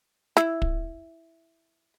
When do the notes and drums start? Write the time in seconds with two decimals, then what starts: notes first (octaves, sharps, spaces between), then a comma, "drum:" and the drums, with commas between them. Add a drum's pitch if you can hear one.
0.37 E4, drum: snare
0.62 drum: kick